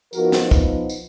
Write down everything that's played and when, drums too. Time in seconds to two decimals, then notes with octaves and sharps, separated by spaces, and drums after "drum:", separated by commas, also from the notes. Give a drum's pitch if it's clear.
0.13 F3 B3 D#4 F#4 A#4, drum: tambourine
0.32 drum: snare
0.51 drum: kick, tambourine
0.89 drum: tambourine